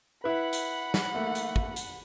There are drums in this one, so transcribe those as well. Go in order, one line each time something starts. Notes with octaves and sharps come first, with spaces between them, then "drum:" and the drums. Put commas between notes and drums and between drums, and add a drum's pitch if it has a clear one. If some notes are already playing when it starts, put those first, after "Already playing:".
E4 B4 F#5 B5
drum: hi-hat
drum: snare
A3 A#3
drum: hi-hat
drum: kick
drum: hi-hat